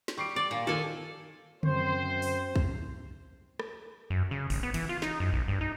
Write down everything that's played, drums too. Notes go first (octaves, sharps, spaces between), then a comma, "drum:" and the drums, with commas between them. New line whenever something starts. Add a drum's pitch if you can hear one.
drum: snare
G3 C#6 C7 D7
D5
A#2
D#3 F3 A4 G#5
F#2 C4 C5, drum: tom C#3
drum: open hi-hat
drum: kick
drum: rim click
F#2
C#3
G#1, drum: open hi-hat
B3
E3, drum: cymbal
F4
D#4, drum: snare
F#2
B1
G2
D#4